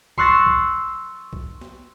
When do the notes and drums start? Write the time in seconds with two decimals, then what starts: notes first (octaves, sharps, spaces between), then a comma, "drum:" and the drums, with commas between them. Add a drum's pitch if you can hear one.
0.18 C6 C#6 E6 F#6 A6 A#6, drum: kick B1
0.46 drum: kick B1
1.33 drum: kick B1
1.61 drum: snare